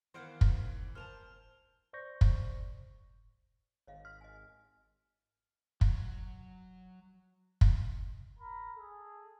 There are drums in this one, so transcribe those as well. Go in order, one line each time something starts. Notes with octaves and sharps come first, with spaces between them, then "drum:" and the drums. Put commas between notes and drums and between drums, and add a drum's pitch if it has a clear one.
D#3 E3 B3 C5 F5 F#5 C7 D7
drum: kick
A#3 C5 G#5 A5 F6 F7
C5 D5 C#6 G6 A#6
drum: kick
G#1 C#5 D#5 F5
C6 F6
D#5 G#5
F#3, drum: kick
drum: kick
A#4 A#5 B5
G#4 A4